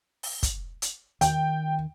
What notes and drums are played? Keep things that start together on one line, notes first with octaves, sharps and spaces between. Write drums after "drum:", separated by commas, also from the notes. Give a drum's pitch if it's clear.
drum: open hi-hat
drum: kick, hi-hat
drum: hi-hat
D#3 G5, drum: hi-hat